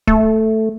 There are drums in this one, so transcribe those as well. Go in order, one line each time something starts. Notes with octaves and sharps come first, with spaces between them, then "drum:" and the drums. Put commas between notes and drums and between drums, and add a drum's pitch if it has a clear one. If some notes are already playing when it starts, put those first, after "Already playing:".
A3, drum: kick